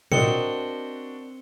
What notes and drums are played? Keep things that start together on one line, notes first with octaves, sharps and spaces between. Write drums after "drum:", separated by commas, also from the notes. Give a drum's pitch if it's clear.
C4 D4 F#4 A#4 D#5 C#7 G7, drum: tom